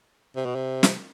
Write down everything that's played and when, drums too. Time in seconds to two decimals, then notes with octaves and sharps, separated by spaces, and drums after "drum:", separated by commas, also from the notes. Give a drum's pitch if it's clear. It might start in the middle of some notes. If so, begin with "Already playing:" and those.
0.36 C3
0.46 B2
0.56 C3
0.83 drum: snare